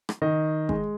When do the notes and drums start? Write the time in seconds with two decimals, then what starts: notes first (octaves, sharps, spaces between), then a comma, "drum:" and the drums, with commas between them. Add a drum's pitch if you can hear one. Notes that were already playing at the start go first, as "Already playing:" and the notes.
0.09 drum: rim click
0.22 D#3 D#5
0.69 G#3, drum: kick G1